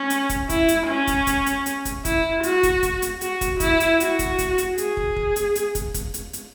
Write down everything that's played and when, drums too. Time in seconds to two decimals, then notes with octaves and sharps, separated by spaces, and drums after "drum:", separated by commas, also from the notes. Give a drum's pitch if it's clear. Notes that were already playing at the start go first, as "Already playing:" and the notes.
Already playing: C#4
0.10 drum: hi-hat
0.29 drum: kick, hi-hat
0.49 E4, drum: kick, hi-hat
0.68 drum: hi-hat
0.88 C#4
1.07 drum: kick, hi-hat
1.27 drum: kick, hi-hat
1.46 drum: hi-hat
1.66 drum: hi-hat
1.85 drum: kick, hi-hat
2.05 E4, drum: kick, hi-hat
2.43 F#4, drum: hi-hat
2.63 drum: kick, hi-hat
2.83 drum: kick, hi-hat
3.02 drum: hi-hat
3.21 F#4, drum: hi-hat
3.41 drum: kick, hi-hat
3.60 E4, drum: kick, hi-hat
3.80 drum: hi-hat
4.00 F#4, drum: hi-hat
4.19 drum: kick, hi-hat
4.39 drum: kick, hi-hat
4.58 drum: hi-hat
4.78 G#4, drum: hi-hat
4.97 drum: kick
5.16 drum: kick
5.36 drum: hi-hat
5.55 drum: hi-hat
5.75 drum: kick, hi-hat
5.94 drum: kick, hi-hat
6.14 drum: hi-hat
6.33 drum: hi-hat